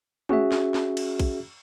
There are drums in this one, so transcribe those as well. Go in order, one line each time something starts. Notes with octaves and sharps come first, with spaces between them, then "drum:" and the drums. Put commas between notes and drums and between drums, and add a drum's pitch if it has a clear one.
C#4 F#4 G#4 E5, drum: tom G#3
drum: snare
drum: snare
drum: cymbal
drum: kick A#1, cymbal